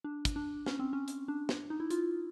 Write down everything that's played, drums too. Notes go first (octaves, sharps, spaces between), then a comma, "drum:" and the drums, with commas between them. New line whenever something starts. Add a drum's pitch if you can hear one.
D4
drum: kick, hi-hat
D4
C#4, drum: snare
C4
C#4
drum: hi-hat
D4
drum: snare
D#4
E4
F4, drum: hi-hat